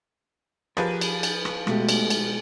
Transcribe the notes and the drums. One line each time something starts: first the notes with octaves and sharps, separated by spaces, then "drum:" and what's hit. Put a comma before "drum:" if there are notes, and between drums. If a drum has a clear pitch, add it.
F3 G4 G#4 A#4 B4, drum: rim click
drum: cymbal
drum: cymbal
drum: rim click
B2 G#3 A3 F#4 G4, drum: rim click
drum: cymbal
drum: cymbal